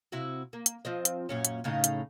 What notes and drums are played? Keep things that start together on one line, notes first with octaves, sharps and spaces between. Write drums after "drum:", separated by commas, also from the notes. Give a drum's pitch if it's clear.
C3 E4 F#4
A#3
drum: hi-hat
F3 C4 D#5
drum: hi-hat
F#2 A#2 C#4
drum: hi-hat
A2 C#3 D#4
drum: hi-hat